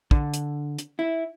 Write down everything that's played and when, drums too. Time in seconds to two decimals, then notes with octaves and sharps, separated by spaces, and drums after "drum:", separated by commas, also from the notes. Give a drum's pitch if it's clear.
0.11 D3, drum: kick
0.34 drum: hi-hat
0.79 drum: hi-hat
0.99 E4